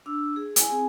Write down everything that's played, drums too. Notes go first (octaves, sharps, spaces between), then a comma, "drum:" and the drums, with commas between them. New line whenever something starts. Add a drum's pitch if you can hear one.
D4 E6
G#4
E4 G#5, drum: hi-hat
C4 G#4 G#5